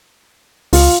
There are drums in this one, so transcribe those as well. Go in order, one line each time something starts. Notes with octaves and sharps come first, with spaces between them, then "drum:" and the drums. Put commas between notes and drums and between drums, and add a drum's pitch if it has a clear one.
C#2 F4, drum: open hi-hat